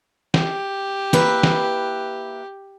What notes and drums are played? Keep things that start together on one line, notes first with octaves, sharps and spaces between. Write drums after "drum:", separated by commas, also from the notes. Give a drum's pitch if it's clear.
G4, drum: snare
A#3 E4 B4, drum: snare
drum: snare